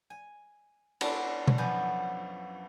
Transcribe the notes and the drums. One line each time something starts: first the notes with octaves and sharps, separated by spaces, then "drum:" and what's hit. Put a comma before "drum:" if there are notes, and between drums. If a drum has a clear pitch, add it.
G#5
B3 C#4 D4 F4 A4, drum: cymbal
drum: tom B2
F#2 F3 B3 G#5